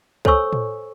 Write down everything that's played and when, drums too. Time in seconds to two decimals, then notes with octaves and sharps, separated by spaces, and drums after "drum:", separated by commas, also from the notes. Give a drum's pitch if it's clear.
0.25 A4 C5 C#5 G#5 C#6 E6, drum: kick C2
0.53 drum: tom A2